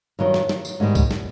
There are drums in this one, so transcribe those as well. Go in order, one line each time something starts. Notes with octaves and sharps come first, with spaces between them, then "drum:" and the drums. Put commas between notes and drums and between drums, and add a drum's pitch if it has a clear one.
G2 D#3 F#3
drum: snare
drum: snare
drum: tambourine
G#2 D#3 G3 B3
drum: kick C2, tambourine
drum: snare